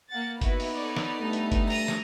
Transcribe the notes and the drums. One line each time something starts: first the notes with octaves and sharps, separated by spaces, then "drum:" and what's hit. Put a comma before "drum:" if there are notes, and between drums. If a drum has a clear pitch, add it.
A#3 F#5 A6
B3 D#4 E4 F#4 B4, drum: kick G1, hi-hat
drum: open hi-hat
A4 C#5 D5
drum: snare
G2 A3 A4
drum: hi-hat
drum: kick G1, hi-hat
A#5 D#7, drum: open hi-hat
drum: snare